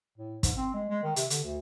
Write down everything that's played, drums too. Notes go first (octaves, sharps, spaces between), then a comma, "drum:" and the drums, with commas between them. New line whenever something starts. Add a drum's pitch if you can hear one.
A2
G#2, drum: kick, hi-hat
C4
G#3
G#3
D#3
C3, drum: hi-hat
D3, drum: hi-hat
D2